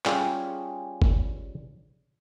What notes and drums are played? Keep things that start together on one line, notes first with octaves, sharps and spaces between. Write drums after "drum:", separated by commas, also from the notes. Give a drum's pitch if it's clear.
G3 C#4 F4 G4 G#4, drum: clap
drum: kick